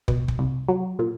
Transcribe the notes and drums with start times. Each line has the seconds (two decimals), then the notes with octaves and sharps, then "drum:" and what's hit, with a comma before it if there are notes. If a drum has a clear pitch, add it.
0.08 B2, drum: kick
0.28 drum: kick
0.39 C2
0.68 F#3
0.99 A#2